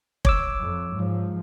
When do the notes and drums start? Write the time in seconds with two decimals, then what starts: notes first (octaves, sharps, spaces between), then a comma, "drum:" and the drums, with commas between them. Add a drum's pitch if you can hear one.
0.25 C#5 D6 E6, drum: kick
0.60 F2
0.93 G#2 F3